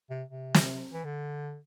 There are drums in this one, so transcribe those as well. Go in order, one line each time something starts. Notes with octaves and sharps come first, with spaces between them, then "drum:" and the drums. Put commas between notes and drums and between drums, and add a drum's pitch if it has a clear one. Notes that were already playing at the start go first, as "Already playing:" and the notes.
C3
C3
drum: snare
E3
D3